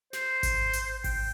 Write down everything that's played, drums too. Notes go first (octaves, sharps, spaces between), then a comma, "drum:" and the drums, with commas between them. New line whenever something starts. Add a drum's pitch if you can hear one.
C5, drum: snare
drum: kick G#1, hi-hat
drum: hi-hat
G5, drum: kick G#1, open hi-hat